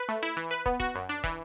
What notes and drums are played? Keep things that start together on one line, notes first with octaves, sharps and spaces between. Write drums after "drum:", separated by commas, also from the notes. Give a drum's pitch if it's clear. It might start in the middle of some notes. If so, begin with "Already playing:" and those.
Already playing: B4
A3
E4
E3
B4
B3, drum: kick
F#4, drum: kick
F#2
D4
E3, drum: kick